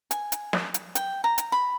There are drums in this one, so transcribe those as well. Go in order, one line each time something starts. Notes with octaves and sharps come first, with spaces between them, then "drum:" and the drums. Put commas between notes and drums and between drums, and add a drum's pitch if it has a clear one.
G#5, drum: hi-hat
drum: hi-hat
drum: snare
drum: hi-hat
G5, drum: hi-hat
A#5
drum: hi-hat
B5